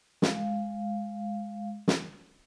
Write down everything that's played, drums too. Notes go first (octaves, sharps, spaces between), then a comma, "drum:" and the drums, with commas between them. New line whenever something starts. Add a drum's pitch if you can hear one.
G#3 F5, drum: snare
drum: snare